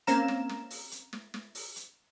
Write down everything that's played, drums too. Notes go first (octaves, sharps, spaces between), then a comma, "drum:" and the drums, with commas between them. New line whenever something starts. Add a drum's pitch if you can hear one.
A#3 C4 C#4 F5 A#5 E7, drum: hi-hat
drum: snare
drum: snare
drum: open hi-hat
drum: hi-hat
drum: snare
drum: snare
drum: open hi-hat
drum: hi-hat